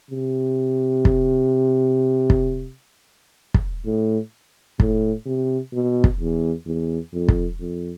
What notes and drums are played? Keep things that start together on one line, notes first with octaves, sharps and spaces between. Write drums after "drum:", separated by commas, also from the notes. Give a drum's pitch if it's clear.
C3
drum: kick
drum: kick
drum: kick
A2
A2, drum: kick
C3
B2
drum: kick
E2
E2
F2
drum: kick
F2